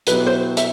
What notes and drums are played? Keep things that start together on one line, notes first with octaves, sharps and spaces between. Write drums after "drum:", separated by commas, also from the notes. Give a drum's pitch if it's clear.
B2 F#3 B3 E4 G4 B4, drum: hi-hat
C5
E5, drum: hi-hat